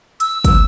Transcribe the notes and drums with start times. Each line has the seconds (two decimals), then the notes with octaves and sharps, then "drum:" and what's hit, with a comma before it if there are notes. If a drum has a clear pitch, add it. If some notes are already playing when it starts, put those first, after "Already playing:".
0.20 E6, drum: hi-hat
0.45 drum: kick, hi-hat